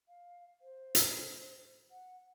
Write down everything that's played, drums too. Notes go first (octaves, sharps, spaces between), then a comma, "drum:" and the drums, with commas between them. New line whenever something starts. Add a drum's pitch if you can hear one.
F5
C5
drum: hi-hat
F#5